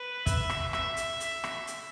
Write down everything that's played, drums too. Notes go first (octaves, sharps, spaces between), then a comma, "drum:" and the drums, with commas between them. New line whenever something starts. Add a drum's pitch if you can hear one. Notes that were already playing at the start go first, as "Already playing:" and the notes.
Already playing: B4
E5, drum: kick, hi-hat
drum: rim click
E5, drum: rim click
drum: hi-hat
drum: hi-hat
drum: rim click
drum: hi-hat